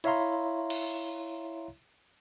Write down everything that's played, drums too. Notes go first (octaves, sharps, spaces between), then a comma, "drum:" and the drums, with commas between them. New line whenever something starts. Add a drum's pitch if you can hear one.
E4 C#5 E5 F5 A#5 C6, drum: cymbal
drum: cymbal